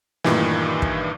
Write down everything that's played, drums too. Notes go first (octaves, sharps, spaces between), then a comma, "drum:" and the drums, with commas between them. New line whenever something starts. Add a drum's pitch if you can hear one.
G2 A#2 D#3 E3, drum: snare
drum: kick